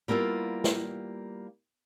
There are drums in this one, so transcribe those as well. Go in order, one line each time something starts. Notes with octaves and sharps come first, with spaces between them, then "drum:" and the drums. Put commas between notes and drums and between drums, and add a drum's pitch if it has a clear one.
G3 A#3 B3 E4 F4
drum: snare